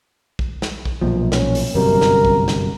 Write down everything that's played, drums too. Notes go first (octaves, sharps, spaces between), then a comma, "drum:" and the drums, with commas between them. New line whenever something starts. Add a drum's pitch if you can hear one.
drum: kick A#1
drum: snare
drum: kick A#1
B1 A#2 F3
C#4, drum: snare
drum: open hi-hat
G1 F#2 C3 A#4
drum: snare
drum: kick A#1
drum: snare